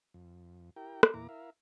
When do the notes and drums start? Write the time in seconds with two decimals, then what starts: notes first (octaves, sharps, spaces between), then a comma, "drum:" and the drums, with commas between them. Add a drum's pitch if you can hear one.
0.14 F2
0.76 E4 G4 A#4 G5
1.03 drum: rim click
1.14 E2 A#2 A#3 E4 A#5 D6
1.29 E4 A#4 E5 F5